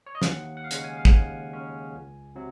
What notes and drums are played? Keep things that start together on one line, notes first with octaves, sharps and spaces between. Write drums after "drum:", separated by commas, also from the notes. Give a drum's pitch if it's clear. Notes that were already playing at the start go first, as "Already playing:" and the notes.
C#5
D#5
F5, drum: snare
D#2 F#5
F#5
F5
C#3 G#3 C#4 F#5, drum: hi-hat
G#5
F5
F#5, drum: kick
D#2 G#5
C#3 G#3 C#4
C#2
C3 F#3